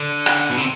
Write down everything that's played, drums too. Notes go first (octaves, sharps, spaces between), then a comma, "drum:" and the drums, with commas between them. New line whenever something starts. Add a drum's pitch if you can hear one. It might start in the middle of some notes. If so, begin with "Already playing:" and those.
Already playing: D3
drum: rim click
B2
C3